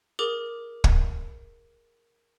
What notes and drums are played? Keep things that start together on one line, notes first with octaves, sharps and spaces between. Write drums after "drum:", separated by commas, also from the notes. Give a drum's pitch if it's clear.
G#4 A#4 D6 F7
drum: kick